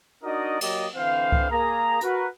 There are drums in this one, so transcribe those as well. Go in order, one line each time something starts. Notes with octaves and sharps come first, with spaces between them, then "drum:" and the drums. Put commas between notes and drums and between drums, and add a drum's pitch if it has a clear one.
D4 D#4 F#4 A#4 D5 D#5
F#3 A#3 G4 D5 D#5, drum: cymbal
D3 E3 C4 C5 F5
drum: kick C2
A#3 G#4 A#5
F#4 A#4 B4, drum: hi-hat